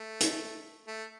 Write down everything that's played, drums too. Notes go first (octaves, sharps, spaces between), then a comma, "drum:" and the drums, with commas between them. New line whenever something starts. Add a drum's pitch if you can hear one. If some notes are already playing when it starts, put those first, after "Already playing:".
Already playing: A3
drum: hi-hat
A3